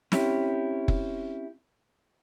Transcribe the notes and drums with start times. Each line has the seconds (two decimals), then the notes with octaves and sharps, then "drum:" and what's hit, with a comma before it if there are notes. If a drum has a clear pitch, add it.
0.12 C4 C#4 E4 G4, drum: snare
0.88 drum: kick F#1